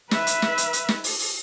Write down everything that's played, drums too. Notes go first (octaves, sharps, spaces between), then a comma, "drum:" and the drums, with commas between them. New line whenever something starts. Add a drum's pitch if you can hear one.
B4 E5, drum: snare
drum: hi-hat
drum: snare
drum: hi-hat
drum: hi-hat
drum: snare
drum: open hi-hat
drum: open hi-hat